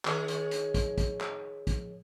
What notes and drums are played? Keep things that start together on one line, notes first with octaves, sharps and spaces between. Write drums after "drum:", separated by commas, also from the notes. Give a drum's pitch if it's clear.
D#3 G#4 C#5, drum: clap
drum: hi-hat
drum: hi-hat
drum: kick, hi-hat
drum: kick, hi-hat
drum: clap
drum: kick, hi-hat